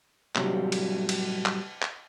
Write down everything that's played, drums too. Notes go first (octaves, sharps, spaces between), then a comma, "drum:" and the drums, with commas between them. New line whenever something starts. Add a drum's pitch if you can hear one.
A2 C3 F#3 G3, drum: clap
drum: cymbal
drum: cymbal
drum: clap
drum: clap